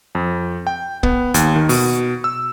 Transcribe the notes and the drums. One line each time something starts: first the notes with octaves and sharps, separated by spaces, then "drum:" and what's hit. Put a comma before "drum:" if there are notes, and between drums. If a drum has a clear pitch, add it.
F2
G5
B3, drum: kick
D#2, drum: hi-hat
D#3
B2, drum: open hi-hat
E6